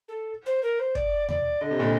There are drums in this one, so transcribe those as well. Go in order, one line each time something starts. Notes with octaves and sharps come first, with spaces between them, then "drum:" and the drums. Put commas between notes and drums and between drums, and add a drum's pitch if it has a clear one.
A4
C5
A#4
C5
D5, drum: kick
D5, drum: tom D#2
D3 D#5
C3
A#2 D3